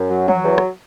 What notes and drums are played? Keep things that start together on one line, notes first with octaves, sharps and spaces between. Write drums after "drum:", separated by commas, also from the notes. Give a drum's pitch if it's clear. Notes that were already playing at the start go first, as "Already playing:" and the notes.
Already playing: F#2
F#3
F#3, drum: tom
E2
drum: rim click